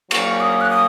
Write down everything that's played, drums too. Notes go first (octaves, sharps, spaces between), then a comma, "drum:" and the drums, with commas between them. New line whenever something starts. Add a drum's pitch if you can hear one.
F#3 A#3 C#4 C#6, drum: cymbal
D#6
F#6
D#6